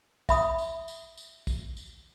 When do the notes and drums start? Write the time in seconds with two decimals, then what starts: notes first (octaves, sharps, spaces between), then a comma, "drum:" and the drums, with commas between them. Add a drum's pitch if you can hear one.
0.29 E5 B5 D#6, drum: kick, tambourine
0.58 drum: tambourine
0.88 drum: tambourine
1.18 drum: tambourine
1.47 drum: kick, tambourine
1.77 drum: tambourine